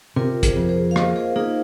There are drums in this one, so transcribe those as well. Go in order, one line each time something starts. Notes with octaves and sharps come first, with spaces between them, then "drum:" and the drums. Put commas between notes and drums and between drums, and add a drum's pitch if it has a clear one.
C3 F4 A#4
G#4 C5, drum: kick, hi-hat
F2
G#4 C5
F5
A#3 A#4 D#5, drum: rim click
G#4 C5
A#3 D#4 G#4